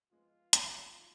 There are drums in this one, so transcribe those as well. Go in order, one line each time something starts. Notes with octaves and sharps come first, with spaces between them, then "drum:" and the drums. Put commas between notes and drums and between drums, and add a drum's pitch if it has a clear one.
F3 G#3 B3 F4
D#3 A#3 D#4 F#4, drum: hi-hat
F3 G#3 D#4 F#4